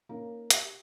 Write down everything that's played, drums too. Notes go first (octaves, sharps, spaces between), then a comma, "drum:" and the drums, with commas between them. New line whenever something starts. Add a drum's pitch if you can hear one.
A#3 C#4 D#4 A#4
G4, drum: hi-hat